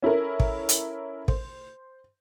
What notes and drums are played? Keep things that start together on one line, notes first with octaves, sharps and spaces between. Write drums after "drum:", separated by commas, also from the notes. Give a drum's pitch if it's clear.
C#4 E4 A4 A#4
drum: kick
drum: hi-hat
C5, drum: kick